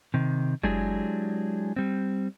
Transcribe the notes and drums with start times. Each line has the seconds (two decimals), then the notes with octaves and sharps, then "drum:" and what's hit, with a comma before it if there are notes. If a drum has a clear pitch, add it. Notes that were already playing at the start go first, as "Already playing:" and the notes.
0.14 C3 D#3
0.63 F#3 G#3 D4 E4 G4 G#4, drum: kick F#1
1.76 G3 C4